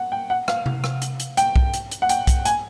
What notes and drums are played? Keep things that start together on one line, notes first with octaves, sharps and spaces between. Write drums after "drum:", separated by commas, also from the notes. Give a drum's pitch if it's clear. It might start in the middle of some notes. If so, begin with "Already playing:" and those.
Already playing: F#5
G5
F#5
F5, drum: rim click
drum: tom C3
drum: rim click
drum: hi-hat
drum: hi-hat
G5, drum: hi-hat
drum: kick B1
drum: hi-hat
drum: hi-hat
F#5
G5, drum: hi-hat
drum: kick B1, hi-hat
G#5, drum: hi-hat